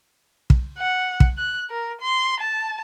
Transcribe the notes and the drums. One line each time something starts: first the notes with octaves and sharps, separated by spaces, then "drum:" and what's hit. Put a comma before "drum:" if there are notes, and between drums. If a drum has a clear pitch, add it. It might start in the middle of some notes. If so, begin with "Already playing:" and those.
drum: kick
F#5
drum: kick
F#6
A#4
C6
A5